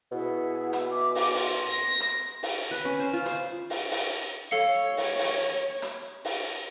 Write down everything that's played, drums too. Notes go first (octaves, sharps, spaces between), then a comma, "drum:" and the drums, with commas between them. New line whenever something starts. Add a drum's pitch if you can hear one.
B2 E4 G#4 F#5
drum: hi-hat
E5 G#5 D6
drum: open hi-hat
C6, drum: open hi-hat
A#6
drum: hi-hat
drum: open hi-hat
B4
C#4
C5
F4
C5, drum: hi-hat
drum: open hi-hat
drum: open hi-hat
A4 C#5 F5 C#7
drum: open hi-hat
drum: open hi-hat
drum: hi-hat
drum: open hi-hat